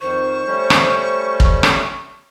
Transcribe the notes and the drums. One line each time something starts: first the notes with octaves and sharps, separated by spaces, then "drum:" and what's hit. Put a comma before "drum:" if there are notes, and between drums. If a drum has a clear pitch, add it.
F2 D#3 C5 C#6
G3 A3 C#4
drum: rim click
drum: kick
drum: rim click